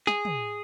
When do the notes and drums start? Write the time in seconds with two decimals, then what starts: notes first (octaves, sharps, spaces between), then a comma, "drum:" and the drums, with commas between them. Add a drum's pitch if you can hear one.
0.07 G#4, drum: snare
0.25 drum: tom